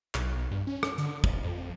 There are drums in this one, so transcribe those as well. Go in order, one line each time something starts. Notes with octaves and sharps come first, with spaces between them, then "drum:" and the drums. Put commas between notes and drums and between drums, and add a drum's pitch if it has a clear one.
B1, drum: clap
G2
C#4
drum: rim click
D3, drum: hi-hat
D#1, drum: kick
F2